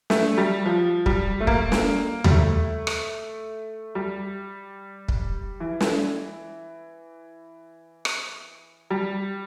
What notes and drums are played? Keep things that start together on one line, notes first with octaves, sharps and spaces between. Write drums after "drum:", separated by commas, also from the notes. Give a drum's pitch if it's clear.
A3, drum: snare
G3
F3
G3, drum: kick
A3
A#3, drum: kick
drum: snare
G3, drum: tom D#2
A3
drum: rim click
G3
drum: kick
E3
drum: snare
drum: rim click
G3